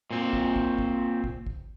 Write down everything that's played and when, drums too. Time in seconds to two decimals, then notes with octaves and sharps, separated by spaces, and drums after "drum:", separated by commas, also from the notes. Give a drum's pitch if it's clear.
0.11 A#2 C4
0.33 drum: kick
0.56 drum: kick
0.79 drum: kick
1.24 drum: kick
1.47 drum: kick